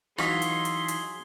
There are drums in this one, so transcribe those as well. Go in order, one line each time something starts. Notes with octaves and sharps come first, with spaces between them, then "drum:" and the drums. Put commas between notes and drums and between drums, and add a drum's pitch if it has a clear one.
E3 F#3 D#4 F4 G#4 C#5 C6, drum: rim click
drum: hi-hat
drum: hi-hat
drum: hi-hat